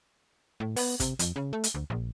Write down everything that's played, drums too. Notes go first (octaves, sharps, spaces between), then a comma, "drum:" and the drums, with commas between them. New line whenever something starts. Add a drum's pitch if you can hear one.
A2
B3, drum: open hi-hat
C3, drum: kick G#1, hi-hat
F2, drum: hi-hat
C#3
A3
drum: hi-hat
D2
A#1